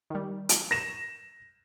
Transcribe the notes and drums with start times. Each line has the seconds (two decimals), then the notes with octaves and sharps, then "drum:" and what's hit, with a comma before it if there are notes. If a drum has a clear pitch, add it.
0.10 D#3 G3
0.49 drum: hi-hat
0.71 A#6 E7